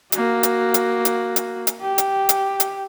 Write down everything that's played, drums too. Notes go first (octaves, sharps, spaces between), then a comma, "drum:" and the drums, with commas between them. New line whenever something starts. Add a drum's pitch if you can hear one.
A#3 F#4, drum: hi-hat
drum: hi-hat
drum: hi-hat
drum: hi-hat
drum: hi-hat
drum: hi-hat
G4
drum: hi-hat
drum: hi-hat
drum: hi-hat